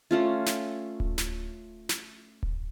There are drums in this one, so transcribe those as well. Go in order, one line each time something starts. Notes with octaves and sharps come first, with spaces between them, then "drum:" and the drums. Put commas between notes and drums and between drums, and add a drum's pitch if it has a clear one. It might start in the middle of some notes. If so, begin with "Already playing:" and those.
A3 C#4 F4
drum: snare
drum: kick D1
drum: snare
drum: snare
drum: kick D1